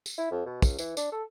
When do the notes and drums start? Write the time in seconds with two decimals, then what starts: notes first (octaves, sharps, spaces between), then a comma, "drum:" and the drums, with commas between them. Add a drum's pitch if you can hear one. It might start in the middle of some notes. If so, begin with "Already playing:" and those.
0.06 drum: tambourine
0.18 E4
0.31 F2
0.45 B2
0.62 C#2, drum: kick, tambourine
0.79 E3, drum: tambourine
0.97 D4, drum: tambourine
1.12 A4